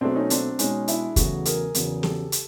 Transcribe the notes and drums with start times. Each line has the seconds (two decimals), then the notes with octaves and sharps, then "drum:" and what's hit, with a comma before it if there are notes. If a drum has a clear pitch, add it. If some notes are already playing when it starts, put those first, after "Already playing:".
0.01 B2 F#3 A3 C4 D4
0.16 C#4 D#4
0.30 C4 D4, drum: hi-hat
0.59 B2 G#3 C#4 D#4, drum: hi-hat
0.88 D4 E4, drum: hi-hat
1.16 E2 C#3 F#3 A3 F#4 G#4, drum: kick, hi-hat
1.45 G#4 A#4, drum: hi-hat
1.75 E2 C#3 F#3, drum: hi-hat
2.03 G4 A4, drum: snare
2.32 drum: hi-hat